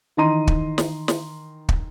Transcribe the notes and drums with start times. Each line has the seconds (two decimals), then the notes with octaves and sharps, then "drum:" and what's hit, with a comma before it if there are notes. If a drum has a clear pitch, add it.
0.17 D#3 E3 D#5 A#5 C6 D#7
0.47 drum: kick
0.78 drum: snare
1.08 drum: snare
1.69 drum: kick